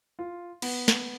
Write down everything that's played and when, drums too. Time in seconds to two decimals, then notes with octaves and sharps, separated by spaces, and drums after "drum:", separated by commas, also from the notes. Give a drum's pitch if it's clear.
0.19 F4
0.62 B3, drum: cymbal
0.88 drum: snare